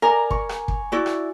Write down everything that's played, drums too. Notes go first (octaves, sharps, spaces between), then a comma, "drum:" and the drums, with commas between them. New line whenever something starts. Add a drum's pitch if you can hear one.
A#4 D5 G#5 A#5
C#6, drum: kick
drum: rim click
drum: kick
E4 F#4 D5
drum: rim click